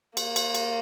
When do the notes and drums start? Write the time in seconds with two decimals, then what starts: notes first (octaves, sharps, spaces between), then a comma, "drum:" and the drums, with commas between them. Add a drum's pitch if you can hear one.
0.17 A#3, drum: cymbal
0.36 drum: cymbal
0.55 drum: cymbal